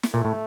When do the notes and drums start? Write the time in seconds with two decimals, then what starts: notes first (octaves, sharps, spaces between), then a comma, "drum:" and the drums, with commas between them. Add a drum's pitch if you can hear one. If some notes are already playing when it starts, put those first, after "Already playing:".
0.03 drum: snare
0.13 A#2 A3
0.25 A2